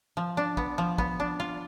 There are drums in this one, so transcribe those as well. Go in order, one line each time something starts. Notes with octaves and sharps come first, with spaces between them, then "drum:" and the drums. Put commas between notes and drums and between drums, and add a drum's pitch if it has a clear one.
F3
D4
B3, drum: kick
F3
B3, drum: kick
D4
F4